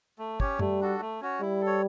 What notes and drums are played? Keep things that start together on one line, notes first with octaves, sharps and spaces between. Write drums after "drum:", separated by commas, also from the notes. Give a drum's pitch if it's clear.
A3
C#4 G4 C#5, drum: kick
G3 A3, drum: tom F#2
D4 F#4 A4
A3
C#4 F#4 C#5
G3 E4
A4
C#5